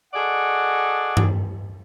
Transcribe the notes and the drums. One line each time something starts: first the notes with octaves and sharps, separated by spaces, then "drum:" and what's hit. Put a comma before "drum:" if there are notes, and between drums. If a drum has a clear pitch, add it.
F#4 G#4 A4 D5 D#5 F#5
drum: tom G2